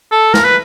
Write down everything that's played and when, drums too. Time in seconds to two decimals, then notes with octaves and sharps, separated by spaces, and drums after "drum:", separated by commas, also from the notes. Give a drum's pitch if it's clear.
0.12 A4
0.34 A#4, drum: snare
0.45 B4